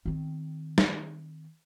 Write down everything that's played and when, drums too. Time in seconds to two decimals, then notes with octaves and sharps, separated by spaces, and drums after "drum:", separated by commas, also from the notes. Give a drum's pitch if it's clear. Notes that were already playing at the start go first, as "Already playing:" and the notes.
0.06 D#3 C4
0.78 drum: snare